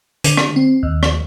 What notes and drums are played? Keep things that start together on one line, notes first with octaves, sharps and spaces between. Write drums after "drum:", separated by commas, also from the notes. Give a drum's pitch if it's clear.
D3, drum: hi-hat
drum: rim click
C4
D#2
drum: rim click